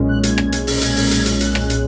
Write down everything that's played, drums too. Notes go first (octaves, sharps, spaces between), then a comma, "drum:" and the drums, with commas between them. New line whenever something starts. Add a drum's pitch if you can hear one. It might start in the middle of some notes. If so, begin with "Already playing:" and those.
Already playing: B1 A#2 G#3 C#4
F#6
G#6, drum: hi-hat
drum: rim click
drum: hi-hat
drum: open hi-hat
G#6, drum: hi-hat
drum: open hi-hat
drum: hi-hat
drum: hi-hat
F#6, drum: hi-hat
drum: rim click
drum: hi-hat